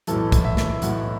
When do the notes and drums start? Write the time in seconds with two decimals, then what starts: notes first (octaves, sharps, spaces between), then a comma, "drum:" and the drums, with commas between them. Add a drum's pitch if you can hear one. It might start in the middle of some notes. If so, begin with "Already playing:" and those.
0.07 B1 A2 E3 A4, drum: hi-hat
0.32 drum: kick, hi-hat
0.45 E5
0.57 drum: snare
0.82 B1 A2 E3 F#5, drum: hi-hat